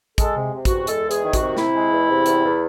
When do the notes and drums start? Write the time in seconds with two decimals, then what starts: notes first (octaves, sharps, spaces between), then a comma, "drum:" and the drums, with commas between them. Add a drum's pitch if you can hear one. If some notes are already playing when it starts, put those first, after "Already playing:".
0.18 G#3 A4, drum: kick, hi-hat
0.35 C3
0.53 C3
0.65 F#4, drum: kick, hi-hat
0.71 E2
0.87 G#3 A4, drum: hi-hat
1.06 E2
1.11 G#4, drum: hi-hat
1.23 D#3
1.33 F#4, drum: kick, hi-hat
1.40 C3
1.57 C3 E4, drum: snare
1.75 G#3
1.91 E2
2.08 C3
2.26 E2, drum: hi-hat
2.43 E2